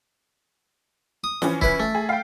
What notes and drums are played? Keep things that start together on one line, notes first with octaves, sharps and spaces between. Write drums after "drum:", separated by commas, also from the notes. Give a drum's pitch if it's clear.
D#6
E3 F3 C#4, drum: snare
E4 B4, drum: kick C#1
A3
G#4
F5 G5